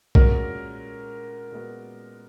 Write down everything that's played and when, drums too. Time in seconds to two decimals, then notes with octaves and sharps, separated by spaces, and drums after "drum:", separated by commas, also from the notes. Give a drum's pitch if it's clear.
0.15 A#2 G#3 C#4 F#4 A#4, drum: kick B1
1.51 A#2 G#3 B3 F#4